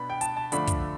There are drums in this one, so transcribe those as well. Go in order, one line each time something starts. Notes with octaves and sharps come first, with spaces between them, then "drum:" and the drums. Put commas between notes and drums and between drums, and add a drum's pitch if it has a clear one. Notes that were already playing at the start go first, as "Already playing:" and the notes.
Already playing: B2 B3 D4 B5
G5
A5, drum: hi-hat
A5
D3 F3 A3 D4 B5, drum: hi-hat
drum: kick, hi-hat